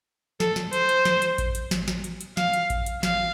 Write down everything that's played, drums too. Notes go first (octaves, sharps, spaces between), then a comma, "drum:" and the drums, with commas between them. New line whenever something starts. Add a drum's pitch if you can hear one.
A4, drum: snare
drum: snare
C5, drum: hi-hat
drum: hi-hat
drum: snare
drum: hi-hat
drum: kick A1, hi-hat
drum: hi-hat
drum: snare
drum: snare
drum: hi-hat
drum: hi-hat
F5, drum: snare
drum: hi-hat
drum: kick A1, hi-hat
drum: hi-hat
F5, drum: snare